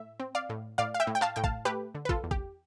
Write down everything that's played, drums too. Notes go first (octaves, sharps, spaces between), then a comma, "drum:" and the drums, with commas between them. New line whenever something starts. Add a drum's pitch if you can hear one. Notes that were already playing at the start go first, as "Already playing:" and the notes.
Already playing: A2 E5
C4
D5 F5
A2
A2 D5 F5
F5
E5 G5
A2
G5
F5 A5, drum: clap
A2 G5
F5 A5, drum: kick
A3 G4 B4
D3
B4
F4 A4, drum: kick
E2
G4, drum: kick